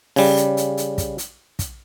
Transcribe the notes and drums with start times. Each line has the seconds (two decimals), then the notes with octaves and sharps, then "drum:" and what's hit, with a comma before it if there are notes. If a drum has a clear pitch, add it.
0.16 C#3 G3, drum: open hi-hat
0.37 drum: hi-hat
0.57 drum: hi-hat
0.77 drum: hi-hat
0.98 drum: kick, hi-hat
1.18 drum: hi-hat
1.59 drum: kick, hi-hat